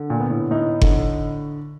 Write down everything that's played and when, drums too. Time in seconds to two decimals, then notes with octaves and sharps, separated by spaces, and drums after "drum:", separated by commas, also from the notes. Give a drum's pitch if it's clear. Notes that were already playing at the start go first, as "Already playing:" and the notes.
Already playing: D3
0.10 A#2
0.20 B3
0.30 A2
0.51 A2 D#4
0.82 D3, drum: kick F#1